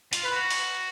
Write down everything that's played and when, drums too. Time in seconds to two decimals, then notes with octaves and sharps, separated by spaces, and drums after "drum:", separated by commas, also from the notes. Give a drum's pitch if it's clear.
0.13 F4, drum: hi-hat
0.23 B4
0.33 F#4
0.50 drum: open hi-hat